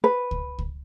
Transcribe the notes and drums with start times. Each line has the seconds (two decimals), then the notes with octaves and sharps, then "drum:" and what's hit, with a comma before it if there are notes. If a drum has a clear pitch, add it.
0.04 B4
0.31 drum: kick C#2
0.59 drum: kick C#2